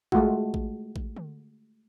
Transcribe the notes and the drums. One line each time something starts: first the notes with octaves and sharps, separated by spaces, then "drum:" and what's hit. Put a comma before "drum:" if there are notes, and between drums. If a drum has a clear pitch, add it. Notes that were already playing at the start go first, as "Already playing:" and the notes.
G#3 A3 F4 F#4, drum: kick A1
drum: kick A1
drum: kick A1
drum: tom D3